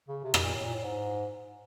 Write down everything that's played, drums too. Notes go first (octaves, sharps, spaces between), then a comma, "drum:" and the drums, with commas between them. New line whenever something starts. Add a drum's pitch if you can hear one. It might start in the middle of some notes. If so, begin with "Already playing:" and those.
C#3
C3
B2, drum: rim click
A#2
A2
A#2
A2
G#2